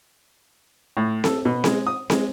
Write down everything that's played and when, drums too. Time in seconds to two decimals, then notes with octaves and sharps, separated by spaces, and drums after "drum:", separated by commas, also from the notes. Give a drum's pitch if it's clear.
0.97 A2
1.24 A4, drum: snare C4
1.45 B2
1.64 G#3, drum: snare C4
1.87 D#6
2.10 G#3, drum: snare C4